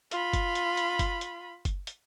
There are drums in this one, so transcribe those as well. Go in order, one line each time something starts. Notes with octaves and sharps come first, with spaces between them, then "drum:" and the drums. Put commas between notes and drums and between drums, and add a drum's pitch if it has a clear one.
F4 B5, drum: hi-hat
drum: kick F#1, hi-hat
drum: hi-hat
drum: hi-hat
drum: kick F#1, hi-hat
drum: hi-hat
drum: kick F#1, hi-hat
drum: hi-hat